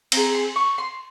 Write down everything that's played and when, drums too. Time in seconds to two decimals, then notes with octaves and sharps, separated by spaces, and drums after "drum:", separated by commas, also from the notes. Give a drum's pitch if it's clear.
0.12 C4 F4 G#4 A#5, drum: cymbal
0.35 C6
0.56 C#6
0.78 C6